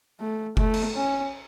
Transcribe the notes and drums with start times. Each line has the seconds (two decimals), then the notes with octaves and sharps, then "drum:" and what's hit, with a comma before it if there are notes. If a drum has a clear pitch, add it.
0.20 A3
0.57 A3, drum: kick F#1
0.74 drum: cymbal
0.95 C#4